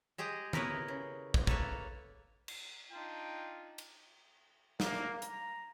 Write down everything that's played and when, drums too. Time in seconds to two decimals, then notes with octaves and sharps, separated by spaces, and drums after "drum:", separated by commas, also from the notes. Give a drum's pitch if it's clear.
0.18 G#3 G4 G#4 D#5
0.53 E4 A#4 B4 C#5 D#5, drum: tom D3
0.88 C#3
1.34 drum: kick
1.47 A#3 A4 B4 C#5, drum: kick
2.48 drum: cymbal
2.92 D4 D#4 F4 G5
3.78 drum: cymbal
4.80 A#3, drum: snare
5.22 A#5, drum: hi-hat